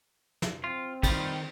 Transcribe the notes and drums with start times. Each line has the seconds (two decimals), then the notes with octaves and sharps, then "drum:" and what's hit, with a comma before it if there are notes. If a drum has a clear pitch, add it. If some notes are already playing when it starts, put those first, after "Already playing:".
0.42 drum: snare
0.64 C4 F4
1.03 D#3 G3 F4, drum: kick, cymbal